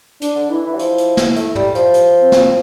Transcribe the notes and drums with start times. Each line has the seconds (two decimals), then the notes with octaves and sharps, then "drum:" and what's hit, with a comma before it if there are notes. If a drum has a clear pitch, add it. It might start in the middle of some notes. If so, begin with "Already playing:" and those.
0.21 D4, drum: hi-hat
0.35 D3
0.50 E3 E4
0.65 E3
0.75 G3
0.79 F3, drum: hi-hat
0.98 drum: hi-hat
1.17 drum: snare
1.36 A3, drum: hi-hat
1.55 G3, drum: tom
1.75 F3, drum: hi-hat
1.94 drum: hi-hat
2.22 C4
2.32 drum: snare